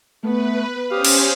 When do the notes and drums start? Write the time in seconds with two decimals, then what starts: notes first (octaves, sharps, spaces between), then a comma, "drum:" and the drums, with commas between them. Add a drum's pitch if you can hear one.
0.23 A3 B3 B4
0.91 C#4 G4 C5 F5 D#6
1.05 drum: cymbal